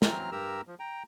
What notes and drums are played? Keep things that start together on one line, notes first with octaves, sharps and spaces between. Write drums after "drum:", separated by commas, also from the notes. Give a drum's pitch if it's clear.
E3 F#3 C4 A#5 F6, drum: snare
G2 G4 A#4 A#5 E6
F3
G5 A#5